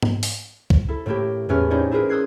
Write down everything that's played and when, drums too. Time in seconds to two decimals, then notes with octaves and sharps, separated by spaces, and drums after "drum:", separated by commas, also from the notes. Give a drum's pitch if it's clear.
0.03 drum: tom G#2
0.23 drum: open hi-hat
0.70 drum: kick
0.88 E4 A4
1.06 A2 A3 A#3 E4 G4
1.49 E2 A2 C#4 B4 F6
1.70 C4 C#4 D#4 E4 C#5 D5
1.91 E4 F4 G#4 A#4 B4
2.09 C6 D#6 E6 F#6 G#6 C7